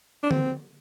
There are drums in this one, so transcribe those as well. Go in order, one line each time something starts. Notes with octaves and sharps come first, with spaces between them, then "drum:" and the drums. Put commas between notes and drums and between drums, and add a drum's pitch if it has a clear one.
D4
C4, drum: tom D3